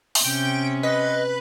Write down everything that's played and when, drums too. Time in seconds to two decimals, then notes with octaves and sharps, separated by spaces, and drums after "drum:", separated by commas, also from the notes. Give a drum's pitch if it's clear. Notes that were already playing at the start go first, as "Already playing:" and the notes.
0.15 drum: open hi-hat
0.24 C3 C#4 G5
0.83 B4 D#5